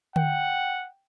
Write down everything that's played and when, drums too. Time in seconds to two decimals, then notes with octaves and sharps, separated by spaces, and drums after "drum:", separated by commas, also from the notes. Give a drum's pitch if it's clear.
0.16 F#5 G5, drum: tom D3